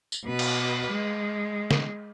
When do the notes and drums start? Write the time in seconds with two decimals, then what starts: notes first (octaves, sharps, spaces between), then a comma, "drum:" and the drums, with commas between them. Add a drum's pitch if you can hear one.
0.12 drum: tambourine
0.24 B2 B4
0.39 drum: cymbal
0.91 G#3
1.71 drum: snare